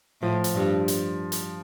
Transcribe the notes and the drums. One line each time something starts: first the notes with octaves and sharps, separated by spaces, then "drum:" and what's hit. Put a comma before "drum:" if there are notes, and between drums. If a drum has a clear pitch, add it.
A2 F3
drum: hi-hat
G2
drum: hi-hat
drum: hi-hat